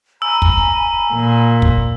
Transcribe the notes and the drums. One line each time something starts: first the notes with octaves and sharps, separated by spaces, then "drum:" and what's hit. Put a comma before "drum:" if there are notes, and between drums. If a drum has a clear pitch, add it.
G#5 A#5 B5 E6
drum: kick
A#2
drum: kick